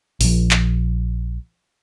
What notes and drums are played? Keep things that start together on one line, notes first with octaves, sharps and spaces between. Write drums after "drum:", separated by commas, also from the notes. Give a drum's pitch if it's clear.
A#1 F3, drum: open hi-hat
drum: clap